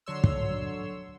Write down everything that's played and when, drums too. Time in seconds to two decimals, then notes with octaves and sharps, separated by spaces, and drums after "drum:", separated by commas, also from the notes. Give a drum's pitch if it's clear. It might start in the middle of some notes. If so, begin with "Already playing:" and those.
0.06 D3 F#3 C#5 C6 E6
0.24 drum: kick